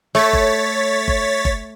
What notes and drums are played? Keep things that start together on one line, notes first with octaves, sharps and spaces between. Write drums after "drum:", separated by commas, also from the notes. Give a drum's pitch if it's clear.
A3 C#5 A6 B6
drum: kick G1
drum: kick G1
drum: kick G1